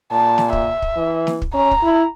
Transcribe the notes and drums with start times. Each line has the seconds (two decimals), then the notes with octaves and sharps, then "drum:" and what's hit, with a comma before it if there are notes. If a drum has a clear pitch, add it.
0.12 A#2 A5
0.38 drum: snare
0.53 E5, drum: kick
0.82 drum: kick
0.97 E3
1.27 drum: snare
1.42 drum: kick
1.54 C#4 A#5
1.71 drum: kick
1.84 E4